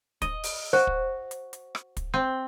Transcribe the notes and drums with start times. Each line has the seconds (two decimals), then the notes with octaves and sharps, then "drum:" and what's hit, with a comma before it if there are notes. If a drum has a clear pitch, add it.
0.22 D#5, drum: kick, hi-hat
0.43 drum: open hi-hat
0.73 F#4 C5
0.87 drum: kick
1.31 drum: hi-hat
1.53 drum: hi-hat
1.75 drum: rim click
1.97 drum: kick, hi-hat
2.14 C4